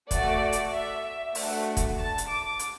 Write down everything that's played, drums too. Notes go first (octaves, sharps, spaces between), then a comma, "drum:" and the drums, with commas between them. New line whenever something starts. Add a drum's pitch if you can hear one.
A3 F#4 A4 D5, drum: kick, hi-hat
drum: hi-hat
E5
A3 D4 F#4, drum: open hi-hat
drum: kick, hi-hat
A5
drum: hi-hat
D6
drum: hi-hat